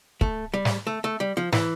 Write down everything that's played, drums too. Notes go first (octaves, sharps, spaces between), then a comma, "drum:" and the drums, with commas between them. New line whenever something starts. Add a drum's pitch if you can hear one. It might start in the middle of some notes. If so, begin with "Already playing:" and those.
A3, drum: kick
G3
drum: snare
A3
A3
G3
F3
E3, drum: snare